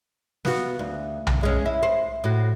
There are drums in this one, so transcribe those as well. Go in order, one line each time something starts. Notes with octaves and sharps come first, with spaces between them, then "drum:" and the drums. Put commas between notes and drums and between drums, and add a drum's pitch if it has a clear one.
B3 F4 F#4, drum: snare
D2
drum: tom B1
E2 G#3 C#4
E4
C5
A2 F#4